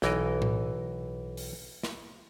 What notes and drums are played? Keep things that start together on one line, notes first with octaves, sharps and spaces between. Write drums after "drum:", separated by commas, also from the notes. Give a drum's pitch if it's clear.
B1 E3 A#4 D#5, drum: snare
drum: tom A2
drum: open hi-hat
drum: snare